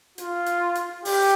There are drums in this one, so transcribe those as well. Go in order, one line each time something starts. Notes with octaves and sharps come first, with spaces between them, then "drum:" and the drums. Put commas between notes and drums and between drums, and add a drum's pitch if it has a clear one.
F4, drum: hi-hat
drum: hi-hat
drum: hi-hat
G4, drum: open hi-hat